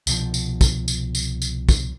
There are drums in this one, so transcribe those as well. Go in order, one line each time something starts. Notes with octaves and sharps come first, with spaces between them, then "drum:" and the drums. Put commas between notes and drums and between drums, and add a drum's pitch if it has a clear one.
C2 B2 F3, drum: tambourine
drum: tambourine
drum: kick, tambourine
drum: tambourine
drum: tambourine
drum: tambourine
drum: kick, tambourine